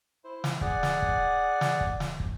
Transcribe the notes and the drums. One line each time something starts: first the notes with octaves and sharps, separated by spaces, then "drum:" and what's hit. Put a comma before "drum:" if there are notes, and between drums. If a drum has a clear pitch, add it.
E4 C5
drum: snare
G#4 D5 F#5, drum: kick
drum: snare
drum: kick
drum: snare
drum: kick
drum: snare
drum: kick